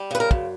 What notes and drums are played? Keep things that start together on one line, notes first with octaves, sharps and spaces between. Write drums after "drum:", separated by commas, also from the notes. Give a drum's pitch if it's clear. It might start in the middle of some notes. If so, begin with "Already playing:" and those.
Already playing: G3
C#3 B4
A#4
F#2, drum: kick